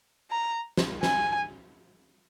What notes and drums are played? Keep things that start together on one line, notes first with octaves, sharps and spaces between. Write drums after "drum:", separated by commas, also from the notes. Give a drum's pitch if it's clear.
A#5
drum: snare
G#5, drum: snare